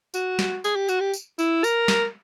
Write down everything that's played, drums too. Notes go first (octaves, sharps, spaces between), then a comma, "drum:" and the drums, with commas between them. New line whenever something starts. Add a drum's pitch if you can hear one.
F#4, drum: tambourine
drum: snare
G#4, drum: tambourine
G4
F#4, drum: tambourine
G4
drum: tambourine
E4, drum: tambourine
A#4, drum: tambourine
drum: snare